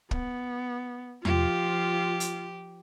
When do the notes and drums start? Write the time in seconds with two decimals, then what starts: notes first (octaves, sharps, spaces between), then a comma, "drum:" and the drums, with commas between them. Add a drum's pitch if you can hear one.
0.11 B3, drum: kick
1.25 F3 F4 G4, drum: tom E2
2.20 drum: hi-hat